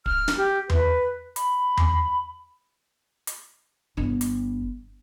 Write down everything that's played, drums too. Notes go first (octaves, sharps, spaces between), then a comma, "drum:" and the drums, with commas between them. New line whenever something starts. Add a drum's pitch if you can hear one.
F6, drum: kick
drum: snare
G4
B4, drum: tom E2
B5, drum: hi-hat
drum: tom E2
drum: hi-hat
G1 D4
drum: hi-hat